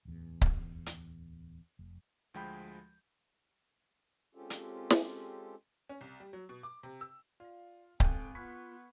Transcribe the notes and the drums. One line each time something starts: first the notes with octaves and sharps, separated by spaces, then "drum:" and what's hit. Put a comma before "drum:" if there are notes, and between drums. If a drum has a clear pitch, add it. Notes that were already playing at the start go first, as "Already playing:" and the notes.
D1 E2
drum: kick C#1
drum: hi-hat
F1
D2 F3 G#3 G5 B5 G6
G#3 C4 C#4 F4 G4 A4
drum: hi-hat
drum: snare
C#4
C2
G3
F#3
B2
D6
C3
E6
F4 D5 F5
G#1 C4 A4 G5 G#5 F#6 D#7, drum: kick C#1
B3 F4 B5 C#6 F6 F#6 G#6 B6